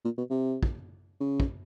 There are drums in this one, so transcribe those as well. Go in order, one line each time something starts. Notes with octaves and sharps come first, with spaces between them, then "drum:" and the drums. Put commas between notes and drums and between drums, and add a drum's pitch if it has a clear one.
A#2
B2
C3
drum: kick
C#3
drum: kick